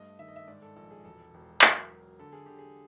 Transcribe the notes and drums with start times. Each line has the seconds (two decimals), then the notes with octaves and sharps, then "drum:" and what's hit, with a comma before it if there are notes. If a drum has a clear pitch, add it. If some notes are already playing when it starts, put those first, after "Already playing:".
Already playing: G2 A3 D#5
0.19 D#3 E5
0.28 D#5
0.36 E5
0.48 G#2 D5
0.62 A4
0.76 A#1 A4
0.91 G#4
1.04 E1 A4
1.34 E1
1.62 F#3 A#4, drum: clap
1.91 F#3
2.19 D3 A4
2.33 G#4
2.46 D3 G4
2.59 G#4